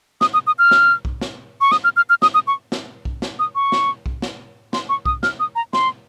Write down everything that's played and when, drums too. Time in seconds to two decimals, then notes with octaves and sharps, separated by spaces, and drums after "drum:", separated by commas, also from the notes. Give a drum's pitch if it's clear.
0.21 D#6, drum: snare
0.34 D#6
0.47 D#6
0.59 F6
0.71 drum: snare
1.05 drum: kick
1.21 drum: snare
1.61 C#6
1.72 D#6, drum: snare
1.84 F6
1.96 F6
2.10 F6
2.22 D#6, drum: snare
2.34 D#6
2.47 C#6
2.72 drum: snare
3.05 drum: kick
3.22 drum: snare
3.39 D#6
3.55 C#6
3.72 drum: snare
4.06 drum: kick
4.22 drum: snare
4.73 C6, drum: snare
4.89 C#6
5.06 D#6, drum: kick
5.23 F6, drum: snare
5.40 D#6
5.56 A#5
5.73 C6, drum: snare